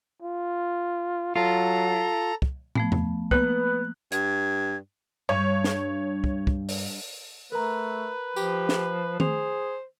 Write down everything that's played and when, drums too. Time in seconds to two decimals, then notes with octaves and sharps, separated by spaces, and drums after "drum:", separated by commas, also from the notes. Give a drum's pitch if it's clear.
0.22 F4
1.36 F#3 F4 A4 A#5
2.42 drum: kick
2.75 F3 A3 B3, drum: tom
2.92 drum: tom E2
3.31 A#3 B3 F#6, drum: kick
4.12 G2 G#6, drum: hi-hat
5.29 G2 C#5
5.64 drum: snare
6.24 drum: kick
6.47 drum: kick
6.69 drum: open hi-hat
7.52 A3 A#4 B4 A#5
8.36 F3 G4, drum: tambourine
8.69 drum: snare
9.20 G#4 C5 F7, drum: tom D#3